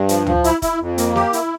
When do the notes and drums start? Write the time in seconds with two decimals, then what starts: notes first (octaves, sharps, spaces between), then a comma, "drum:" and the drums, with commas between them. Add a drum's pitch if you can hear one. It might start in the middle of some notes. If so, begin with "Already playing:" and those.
Already playing: G2
0.09 F3, drum: hi-hat
0.26 F3, drum: tom
0.44 E4, drum: hi-hat
0.62 E4, drum: kick, hi-hat
0.80 F2
0.98 A#3, drum: hi-hat
1.15 G4, drum: snare
1.33 E4, drum: hi-hat